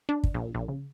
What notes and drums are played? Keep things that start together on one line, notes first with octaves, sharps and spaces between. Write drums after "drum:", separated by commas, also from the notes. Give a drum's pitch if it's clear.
D4
drum: kick
A#1
A#1
C#3